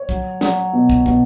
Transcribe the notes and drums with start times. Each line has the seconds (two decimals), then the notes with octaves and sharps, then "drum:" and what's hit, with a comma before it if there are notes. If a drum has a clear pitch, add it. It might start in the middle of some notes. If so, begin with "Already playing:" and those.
Already playing: C#5
0.09 F#3, drum: kick
0.41 F#3, drum: snare
0.73 B2
0.90 drum: kick
1.06 B2, drum: kick